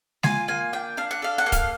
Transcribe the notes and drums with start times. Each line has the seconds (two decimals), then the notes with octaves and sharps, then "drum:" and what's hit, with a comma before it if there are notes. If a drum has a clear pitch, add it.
0.23 F4 G#5, drum: snare G#3
0.48 A#3 G#5
0.73 D4 G5
0.97 D4 F5
1.11 F#5
1.22 A4 F5
1.38 F#5
1.46 A#3
1.52 F5, drum: kick, hi-hat